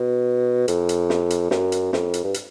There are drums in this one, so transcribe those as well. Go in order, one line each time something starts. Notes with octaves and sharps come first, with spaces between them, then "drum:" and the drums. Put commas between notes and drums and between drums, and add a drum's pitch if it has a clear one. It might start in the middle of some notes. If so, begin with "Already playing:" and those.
Already playing: B2
F2, drum: hi-hat
drum: hi-hat
drum: snare
drum: hi-hat
F#2, drum: snare
drum: hi-hat
F2, drum: snare
drum: hi-hat
G2
drum: hi-hat